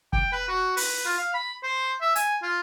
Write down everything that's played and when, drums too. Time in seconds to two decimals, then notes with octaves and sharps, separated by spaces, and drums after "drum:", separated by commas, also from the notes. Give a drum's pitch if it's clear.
0.13 G5, drum: kick
0.32 B4
0.48 F#4
0.77 B4, drum: open hi-hat
1.06 F4
1.18 F5
1.34 B5
1.63 C5
2.01 E5
2.16 G#5, drum: hi-hat
2.43 F4